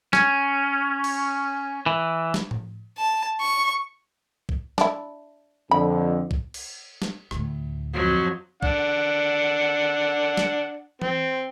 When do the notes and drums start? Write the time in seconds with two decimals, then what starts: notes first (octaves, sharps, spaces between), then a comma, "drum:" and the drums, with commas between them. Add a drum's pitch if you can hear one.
0.13 C#4, drum: snare
1.04 drum: cymbal
1.86 E3
2.34 drum: snare
2.51 drum: tom A2
2.98 A5
3.40 C#6
4.49 drum: kick B1
4.78 D4 E4, drum: snare
5.71 F2 D3 B5
6.31 drum: kick B1
6.54 drum: cymbal
7.02 drum: snare
7.31 D2 A2, drum: rim click
7.93 F2 F3 F#3
8.63 D4 F#5, drum: kick B1
10.37 drum: snare
11.02 C4, drum: tom E3